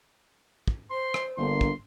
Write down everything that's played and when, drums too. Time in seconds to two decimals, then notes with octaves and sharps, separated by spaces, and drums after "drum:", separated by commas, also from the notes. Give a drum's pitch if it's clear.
0.68 drum: kick
0.91 C5 C6
1.14 drum: rim click
1.38 G1 D3 A#3 C6
1.61 drum: kick